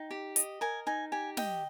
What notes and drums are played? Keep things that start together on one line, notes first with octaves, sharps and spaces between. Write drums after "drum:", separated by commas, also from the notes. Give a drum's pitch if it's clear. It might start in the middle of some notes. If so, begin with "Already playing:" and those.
Already playing: D#4 G5
G4
D#5, drum: hi-hat
A#4 G#5
D#4 G#5
G4 G#5
D#5 G5, drum: snare